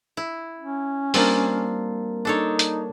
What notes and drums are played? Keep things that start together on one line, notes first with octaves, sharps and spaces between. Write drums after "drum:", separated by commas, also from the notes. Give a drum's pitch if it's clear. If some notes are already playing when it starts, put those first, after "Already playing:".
E4
C#4
G3 A#3 C4 D4 F4 A#4, drum: open hi-hat
D4 D#4 A4 C#5
drum: hi-hat